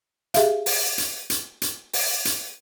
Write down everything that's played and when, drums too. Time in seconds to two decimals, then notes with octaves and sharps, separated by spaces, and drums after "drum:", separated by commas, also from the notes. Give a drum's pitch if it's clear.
0.34 G4 G#4 E5 F5, drum: hi-hat
0.66 drum: open hi-hat
0.98 drum: hi-hat
1.30 drum: hi-hat
1.62 drum: hi-hat
1.93 drum: open hi-hat
2.25 drum: hi-hat